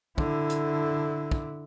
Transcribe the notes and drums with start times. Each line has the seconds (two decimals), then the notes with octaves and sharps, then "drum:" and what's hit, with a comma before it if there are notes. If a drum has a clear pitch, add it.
0.18 D3 E4, drum: kick
0.50 drum: hi-hat
1.31 drum: kick